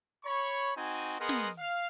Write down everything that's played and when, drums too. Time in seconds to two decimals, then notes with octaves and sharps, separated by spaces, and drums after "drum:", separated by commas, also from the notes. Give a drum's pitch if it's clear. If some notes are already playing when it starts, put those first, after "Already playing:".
0.25 C#5 B5 C#6
0.77 C4 D#4 F#4 G#5
1.20 B3 G#4 A#4 D#5 F#5 C6
1.29 drum: snare
1.58 F5